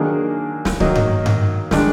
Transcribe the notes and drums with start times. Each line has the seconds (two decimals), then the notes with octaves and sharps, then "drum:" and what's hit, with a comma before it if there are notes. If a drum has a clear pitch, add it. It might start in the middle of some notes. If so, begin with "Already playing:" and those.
Already playing: D#3 F#3 A#3 D4 G#4
0.65 drum: snare
0.80 D#3 F#3 A#3 D#4, drum: kick C#1
0.95 drum: tom G2
1.26 drum: tom G2
1.71 D#3 G#3 D4, drum: snare